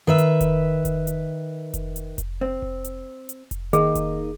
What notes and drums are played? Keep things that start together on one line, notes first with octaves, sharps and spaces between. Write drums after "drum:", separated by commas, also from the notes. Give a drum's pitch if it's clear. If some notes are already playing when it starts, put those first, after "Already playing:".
D#3 B4 E5
drum: hi-hat
drum: kick F1, hi-hat
drum: kick F1, hi-hat
drum: hi-hat
drum: kick F1, hi-hat
drum: hi-hat
drum: kick F1, hi-hat
C4
drum: kick F1
drum: hi-hat
drum: hi-hat
drum: kick F1, hi-hat
D#3 A#3 D#4 G#4, drum: hi-hat
drum: kick F1, hi-hat